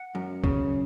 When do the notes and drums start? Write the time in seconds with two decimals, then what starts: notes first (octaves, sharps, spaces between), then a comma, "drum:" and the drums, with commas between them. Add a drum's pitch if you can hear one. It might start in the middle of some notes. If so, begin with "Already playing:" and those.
Already playing: F#5
0.15 F#2
0.44 C#3, drum: kick